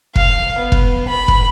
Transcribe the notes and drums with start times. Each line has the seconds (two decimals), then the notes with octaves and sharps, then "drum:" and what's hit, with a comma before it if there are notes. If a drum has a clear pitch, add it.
0.16 F5, drum: kick F1
0.59 B3
0.72 drum: kick F1
1.09 B5
1.28 drum: kick F1